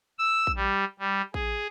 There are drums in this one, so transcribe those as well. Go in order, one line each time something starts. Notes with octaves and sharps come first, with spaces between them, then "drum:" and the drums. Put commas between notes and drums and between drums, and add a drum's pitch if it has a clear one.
E6
drum: kick A1
G3
G3
G#4, drum: kick A1